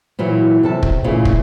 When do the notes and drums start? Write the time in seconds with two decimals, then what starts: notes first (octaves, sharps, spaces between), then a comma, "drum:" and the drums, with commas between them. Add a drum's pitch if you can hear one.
0.19 A#2 E3 F#3
0.63 C3 A4 A5
0.83 drum: kick
1.04 A#2 C#3 E3 A3 F4
1.25 drum: kick